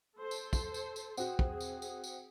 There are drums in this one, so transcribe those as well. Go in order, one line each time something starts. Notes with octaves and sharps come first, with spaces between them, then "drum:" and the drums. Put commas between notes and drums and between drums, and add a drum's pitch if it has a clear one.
A4 C5
drum: tambourine
drum: kick, tambourine
drum: tambourine
drum: tambourine
C4 F#4 G#4 F#5 G5, drum: tambourine
drum: kick
drum: tambourine
drum: tambourine
drum: tambourine